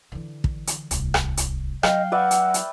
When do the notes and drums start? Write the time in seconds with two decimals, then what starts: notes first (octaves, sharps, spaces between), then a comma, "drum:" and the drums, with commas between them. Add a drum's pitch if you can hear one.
0.12 D3 E3
0.44 drum: kick
0.67 drum: hi-hat
0.91 D1 C2, drum: hi-hat
1.14 drum: rim click
1.37 drum: hi-hat
1.83 F#3 D#5 F5 G5, drum: rim click
2.12 B4 D5 E5 F#5
2.31 drum: hi-hat
2.54 drum: hi-hat